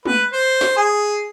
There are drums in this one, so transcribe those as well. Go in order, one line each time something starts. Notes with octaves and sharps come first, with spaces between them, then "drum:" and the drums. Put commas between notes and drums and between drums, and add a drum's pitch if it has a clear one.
B4, drum: tom
C5
drum: snare
G#4